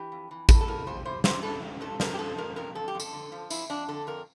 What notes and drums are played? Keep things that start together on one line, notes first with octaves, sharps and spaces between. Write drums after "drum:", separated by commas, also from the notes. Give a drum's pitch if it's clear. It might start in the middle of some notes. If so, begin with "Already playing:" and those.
Already playing: E3 G4
F2
E3
E3 A4, drum: kick A1, tambourine
A4
F2 A#4
F2 C5
E3 C5
E3 C5, drum: snare
E3 A4
F2
F2 A4
F2 A#4, drum: snare
G4
F3 A4
F2 A#4
F2 A#4
F2 A4
G4
F2
A4, drum: tambourine
D3
F3
F2 E4, drum: tambourine
F2 D4
D3 A4
F2 A#4